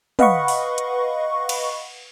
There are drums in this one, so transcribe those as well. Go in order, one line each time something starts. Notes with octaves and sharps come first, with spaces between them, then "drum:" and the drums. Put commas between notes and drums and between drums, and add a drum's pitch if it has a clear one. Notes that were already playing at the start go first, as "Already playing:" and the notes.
B4 D#5 F5 F#5 B5 C#6, drum: tom
drum: open hi-hat
drum: hi-hat
drum: cymbal